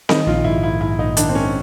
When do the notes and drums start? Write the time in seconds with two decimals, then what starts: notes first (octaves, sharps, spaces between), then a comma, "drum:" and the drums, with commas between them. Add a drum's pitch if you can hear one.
0.09 D#3 D#4, drum: snare C4
0.27 A#1 F4
0.45 G#2 E4
0.63 G#2 E4
0.81 G#2 E4
0.99 A#1 D#4
1.17 D#3 D4, drum: hi-hat
1.29 C4
1.34 G#2 C#4